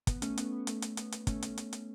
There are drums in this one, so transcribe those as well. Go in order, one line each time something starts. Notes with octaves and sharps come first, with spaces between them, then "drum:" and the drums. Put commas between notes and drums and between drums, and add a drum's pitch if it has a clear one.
B3, drum: kick, hi-hat
A3 C#4, drum: hi-hat
B3, drum: hi-hat
B3
A3, drum: hi-hat
drum: hi-hat
B3, drum: hi-hat
drum: hi-hat
A3 C#4, drum: kick, hi-hat
drum: hi-hat
drum: hi-hat
drum: hi-hat